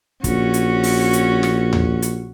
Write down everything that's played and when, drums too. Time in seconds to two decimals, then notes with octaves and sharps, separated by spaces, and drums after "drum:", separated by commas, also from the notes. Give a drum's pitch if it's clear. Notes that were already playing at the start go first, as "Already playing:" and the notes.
0.24 A#1 C#4 F#4, drum: kick, hi-hat
0.54 drum: hi-hat
0.83 drum: open hi-hat
1.13 drum: hi-hat
1.43 drum: snare
1.73 drum: tom D#2
2.02 drum: hi-hat